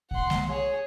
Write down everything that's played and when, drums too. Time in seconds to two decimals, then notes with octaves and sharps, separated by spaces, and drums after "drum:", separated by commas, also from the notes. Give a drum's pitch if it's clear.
0.11 F#5 C6, drum: kick C2
0.30 drum: snare G#3
0.49 G#4 C#5